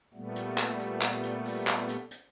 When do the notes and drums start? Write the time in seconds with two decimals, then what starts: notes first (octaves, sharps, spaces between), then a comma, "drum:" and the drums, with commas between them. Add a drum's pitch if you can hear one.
0.14 A#2 G3 A3 B3
0.36 drum: hi-hat
0.58 drum: clap
0.80 drum: hi-hat
1.02 drum: clap
1.23 drum: hi-hat
1.45 drum: open hi-hat
1.67 drum: clap
1.89 drum: hi-hat
2.11 drum: hi-hat